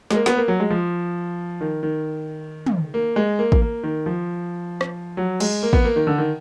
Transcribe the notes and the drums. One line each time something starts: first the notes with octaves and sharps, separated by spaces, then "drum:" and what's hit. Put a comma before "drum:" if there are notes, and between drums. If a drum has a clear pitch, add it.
G#3, drum: snare
A#3
B3, drum: snare
A#3
F#3
G#3
F3
D#3
D#3
drum: tom
A#3
G#3
A#3
drum: kick A1
A#3
D#3
F3
drum: rim click
F#3
G#3, drum: cymbal
A#3
B3, drum: kick A1
A#3
D#3
D3
D#3